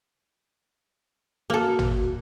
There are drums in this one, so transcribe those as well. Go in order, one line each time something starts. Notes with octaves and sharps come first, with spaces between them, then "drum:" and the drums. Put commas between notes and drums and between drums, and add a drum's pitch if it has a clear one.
A#3 F#4 A4
drum: tom G#1